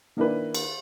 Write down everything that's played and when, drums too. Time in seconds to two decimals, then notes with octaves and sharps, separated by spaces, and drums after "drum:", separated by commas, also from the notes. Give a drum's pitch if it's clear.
0.17 D#3 A#3 D4 E4 B4
0.55 drum: cymbal